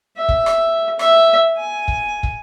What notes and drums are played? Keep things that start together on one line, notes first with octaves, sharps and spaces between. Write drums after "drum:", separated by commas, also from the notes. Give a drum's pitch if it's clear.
E5
drum: kick
drum: rim click
E5, drum: rim click
G#5
drum: kick
drum: kick